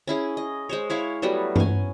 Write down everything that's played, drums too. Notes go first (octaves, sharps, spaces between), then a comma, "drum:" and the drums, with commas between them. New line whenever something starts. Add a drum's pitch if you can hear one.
C#4 E4 G#4
D#5
G#3 C5 C#5
E4 C#5 F5
F#3 G3 A3 B3
C#4 G#5, drum: tom